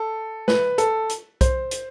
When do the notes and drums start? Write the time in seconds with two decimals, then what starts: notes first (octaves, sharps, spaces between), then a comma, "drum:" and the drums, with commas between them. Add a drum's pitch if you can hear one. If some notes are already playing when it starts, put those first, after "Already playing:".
Already playing: A4
0.48 B4, drum: snare
0.78 A4, drum: hi-hat
1.09 drum: hi-hat
1.41 C5, drum: kick B1, hi-hat
1.71 drum: hi-hat